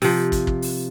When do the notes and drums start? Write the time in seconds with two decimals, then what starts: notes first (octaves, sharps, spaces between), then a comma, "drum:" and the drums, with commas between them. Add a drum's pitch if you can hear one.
0.02 C3 F3, drum: open hi-hat
0.32 drum: kick, hi-hat
0.47 drum: kick
0.62 drum: open hi-hat